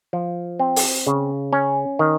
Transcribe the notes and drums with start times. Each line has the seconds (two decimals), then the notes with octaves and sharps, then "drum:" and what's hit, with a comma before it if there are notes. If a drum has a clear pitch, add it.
0.13 F3
0.59 C4
0.76 drum: open hi-hat
1.07 C#3
1.53 C#4
1.99 D#3